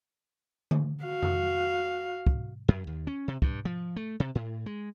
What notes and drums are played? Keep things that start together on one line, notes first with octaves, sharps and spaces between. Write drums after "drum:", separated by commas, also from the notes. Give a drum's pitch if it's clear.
drum: tom D3
F#4 F5
drum: tom F2
drum: kick
F#2
D#2
C#4
C3
G2, drum: kick
F3
A3
C3
A2
G#3